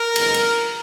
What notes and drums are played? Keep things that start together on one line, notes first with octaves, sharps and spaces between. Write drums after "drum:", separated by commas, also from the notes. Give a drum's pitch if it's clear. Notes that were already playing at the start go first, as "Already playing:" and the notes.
Already playing: A#4
F#1 F2 D#3 G#3 B3, drum: cymbal
drum: cymbal